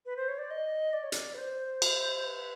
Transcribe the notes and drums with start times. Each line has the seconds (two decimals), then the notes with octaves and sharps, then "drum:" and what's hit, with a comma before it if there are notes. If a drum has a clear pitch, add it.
0.06 B4
0.17 C5
0.28 C#5
0.39 D5
0.50 D#5
0.93 D5
1.03 C#5
1.12 D5, drum: hi-hat
1.34 B4
1.38 C5
1.82 drum: cymbal
2.26 B4